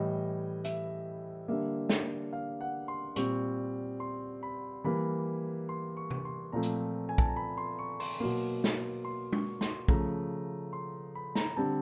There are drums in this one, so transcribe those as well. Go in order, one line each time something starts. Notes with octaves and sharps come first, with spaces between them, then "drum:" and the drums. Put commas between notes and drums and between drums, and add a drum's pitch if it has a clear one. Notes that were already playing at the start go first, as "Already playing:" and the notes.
Already playing: A2 E3 G3 D#5
E5, drum: hi-hat
D3 G3 A#3 E5
drum: snare
F5
F#5
C6
A#2 G3 C4 C#6, drum: hi-hat
C6
B5
E3 G3 A#3 B5
C6
C#6
drum: tom C3
C6
A#2 F3 A3 C4 A#5
drum: hi-hat
G#5
A5, drum: kick
A#5
B5
C6
C#6
C6, drum: open hi-hat
B2 F#3 A#3 C6
drum: snare
C6
C#6, drum: tom
C6, drum: snare
C#3 F3 A3 A#5, drum: kick
C6
B5
A#5, drum: snare
D3 G3 C4 A5